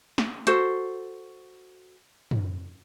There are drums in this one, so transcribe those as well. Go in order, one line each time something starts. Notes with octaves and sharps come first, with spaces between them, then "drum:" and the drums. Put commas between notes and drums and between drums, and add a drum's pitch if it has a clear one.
drum: snare
F#4 A4 C5, drum: hi-hat
drum: tom